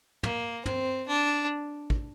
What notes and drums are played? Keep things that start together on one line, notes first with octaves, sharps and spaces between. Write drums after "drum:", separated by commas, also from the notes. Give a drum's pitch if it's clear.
A#3, drum: tom
C4, drum: tom
D4
drum: kick